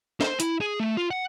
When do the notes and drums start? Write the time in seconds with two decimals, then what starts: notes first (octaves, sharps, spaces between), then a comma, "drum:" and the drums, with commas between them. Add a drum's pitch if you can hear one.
0.21 C5, drum: snare
0.40 E4, drum: hi-hat
0.61 G#4
0.80 A3
0.97 F4
1.11 F#5